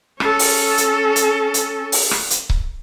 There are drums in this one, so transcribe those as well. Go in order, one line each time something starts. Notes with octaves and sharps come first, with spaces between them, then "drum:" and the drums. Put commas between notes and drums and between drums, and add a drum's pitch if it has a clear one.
C#4 A4, drum: rim click
drum: open hi-hat
drum: hi-hat
drum: hi-hat
drum: hi-hat
drum: open hi-hat
drum: rim click
drum: hi-hat
drum: kick C#1